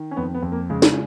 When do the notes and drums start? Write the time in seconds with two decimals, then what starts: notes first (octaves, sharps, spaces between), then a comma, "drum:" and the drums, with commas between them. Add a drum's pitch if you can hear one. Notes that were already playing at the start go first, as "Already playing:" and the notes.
Already playing: D#3
0.11 C#4
0.16 F2 B3
0.34 B3
0.43 F2
0.52 A#3
0.70 C#3 G#3
0.82 drum: snare